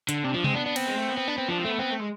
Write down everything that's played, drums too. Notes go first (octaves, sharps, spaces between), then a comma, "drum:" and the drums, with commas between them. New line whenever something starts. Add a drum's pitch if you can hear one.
D3, drum: hi-hat
C3 D4
F3 D4
G#3 C4, drum: tom C3
B3 D4
D4
C4, drum: cymbal
G#3
A3
B3
C4
D4
C4
F3 D4
C4
A3 B3
B3 C4
A3
G#3